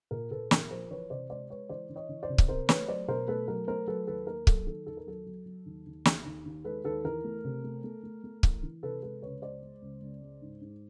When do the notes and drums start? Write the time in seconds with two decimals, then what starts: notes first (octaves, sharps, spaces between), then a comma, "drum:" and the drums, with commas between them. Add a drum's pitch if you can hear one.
0.11 A#2 A#4
0.31 A#2 A4 B4
0.51 A#2 A#4, drum: snare
0.71 F3 A#4 C5
0.91 E3 B4 C#5
1.10 C3 C5 D5
1.30 G#3 C5 D5
1.50 G#3 B4 C#5
1.69 E3 C5 D5
1.90 E3
1.96 C#5 D#5
2.09 E3
2.23 C5 D5
2.29 C3
2.38 drum: kick C#1
2.48 C4 A#4 C5
2.69 A3 B4 C#5, drum: snare
2.88 F#3 C5 D5
3.08 B2 A#4 C5
3.28 A3 A4 B4
3.48 F#3 A#4
3.68 A3 A#4 C5
3.87 F#3 A4 B4
4.07 D#2 A4 B4
4.27 A#3 A#4
4.47 F#3 A4, drum: kick C#1
4.66 D#3 A4
4.86 D#2 A4
4.97 A#4
5.07 F#3 A4
5.26 F#3
5.46 F#3
5.66 D#2
5.86 D#2
6.05 D#2, drum: snare
6.25 D#2
6.45 D#2
6.64 G#3 A4 B4
6.84 D#2 A4 B4
7.04 E3 A#4
7.24 A3
7.44 C3
7.64 A3
7.84 A3
8.03 A3
8.24 A3
8.43 E3, drum: kick C#1
8.63 E3
8.83 C3 A4 B4
9.02 G#3 A4 B4
9.22 C#2 B4 C#5
9.42 G#3 C5 D5
9.62 G#3
9.82 C#2
10.02 C#2
10.22 G#3
10.42 G#2
10.61 G#2